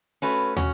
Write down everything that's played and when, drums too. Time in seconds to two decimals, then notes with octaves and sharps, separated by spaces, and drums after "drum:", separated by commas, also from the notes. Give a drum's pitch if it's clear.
0.22 A3 C#4 F#4 B4
0.56 C#4 F#4, drum: tom